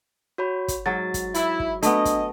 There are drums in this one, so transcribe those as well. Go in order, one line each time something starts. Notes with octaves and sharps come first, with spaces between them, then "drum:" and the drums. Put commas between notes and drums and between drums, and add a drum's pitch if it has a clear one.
F#4 C#5 B5
drum: kick, hi-hat
G#2 F#3 A6
drum: kick, hi-hat
E4, drum: hi-hat
drum: kick
A3 B3 D4 D#5, drum: hi-hat
drum: kick, hi-hat